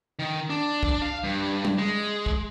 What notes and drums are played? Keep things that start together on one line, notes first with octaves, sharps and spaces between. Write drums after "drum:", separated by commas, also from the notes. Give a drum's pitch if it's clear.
D#3
D4
drum: kick
F5
G2
drum: tom G3
G#3
drum: kick